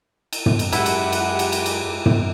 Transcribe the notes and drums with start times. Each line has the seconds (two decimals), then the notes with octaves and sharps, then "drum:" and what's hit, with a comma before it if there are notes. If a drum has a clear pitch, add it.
0.33 drum: cymbal
0.46 drum: tom
0.59 drum: cymbal
0.72 F#2 G#3 E4 G4 F#5, drum: cymbal
0.86 drum: cymbal
1.12 drum: cymbal
1.39 drum: cymbal
1.52 drum: cymbal
1.66 drum: cymbal
2.06 drum: tom